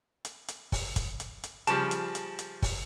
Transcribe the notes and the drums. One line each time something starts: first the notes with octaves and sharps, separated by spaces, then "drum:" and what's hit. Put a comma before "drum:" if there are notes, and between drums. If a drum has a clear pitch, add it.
drum: hi-hat
drum: hi-hat
drum: kick, open hi-hat
drum: kick, hi-hat
drum: hi-hat
drum: hi-hat
C#3 F3 G3 A5, drum: hi-hat
drum: hi-hat
drum: hi-hat
drum: hi-hat
drum: kick, open hi-hat